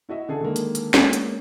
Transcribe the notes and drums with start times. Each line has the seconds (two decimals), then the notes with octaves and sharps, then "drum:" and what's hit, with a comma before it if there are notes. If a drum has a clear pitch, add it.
0.09 E4 F#4 D#5 E5
0.29 D3 G#4 A4
0.41 D3 D#3 G#3 A#3
0.56 drum: hi-hat
0.75 drum: hi-hat
0.94 G#3 A#3 B3 C#4 D4, drum: snare
1.13 drum: hi-hat